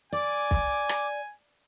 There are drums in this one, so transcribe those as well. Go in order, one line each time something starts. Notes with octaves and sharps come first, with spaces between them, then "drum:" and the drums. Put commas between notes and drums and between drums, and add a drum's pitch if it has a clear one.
D5 G#5 D6
drum: kick
drum: rim click